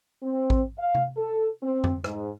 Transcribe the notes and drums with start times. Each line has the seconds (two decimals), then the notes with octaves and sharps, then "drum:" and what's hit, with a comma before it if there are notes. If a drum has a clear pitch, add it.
0.23 C4
0.50 drum: kick A1
0.79 F5
0.95 drum: tom C3
1.17 A4
1.63 C4
1.84 drum: tom F2
2.04 G#2, drum: rim click